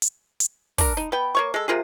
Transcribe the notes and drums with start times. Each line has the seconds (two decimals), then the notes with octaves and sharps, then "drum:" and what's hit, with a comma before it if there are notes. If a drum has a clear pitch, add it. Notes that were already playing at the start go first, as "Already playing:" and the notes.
0.02 drum: hi-hat
0.40 drum: hi-hat
0.78 D4 A#4, drum: kick, open hi-hat
0.97 D#4
1.12 B3 G5
1.35 A#3 C#5 C#6
1.54 G#3 A4
1.68 C3 A#3 F4 G#4